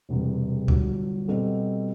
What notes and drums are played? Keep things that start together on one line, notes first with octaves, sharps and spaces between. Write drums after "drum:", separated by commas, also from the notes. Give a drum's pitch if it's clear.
E1 E2 C3 G3
G1 G2 F#3, drum: kick D2
B2 G3 C4 F#4 A4